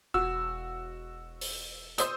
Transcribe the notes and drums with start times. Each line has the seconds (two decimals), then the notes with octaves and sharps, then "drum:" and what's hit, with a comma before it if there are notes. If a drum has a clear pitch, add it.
0.14 E1 F#4 E6
1.41 drum: open hi-hat
1.98 C5 D#6 E6, drum: hi-hat